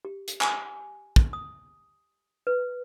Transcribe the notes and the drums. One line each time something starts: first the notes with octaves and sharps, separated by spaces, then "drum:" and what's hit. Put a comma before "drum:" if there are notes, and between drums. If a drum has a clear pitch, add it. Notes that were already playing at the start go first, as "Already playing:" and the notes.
G4
drum: hi-hat
G#5, drum: clap
drum: kick
D#6
B4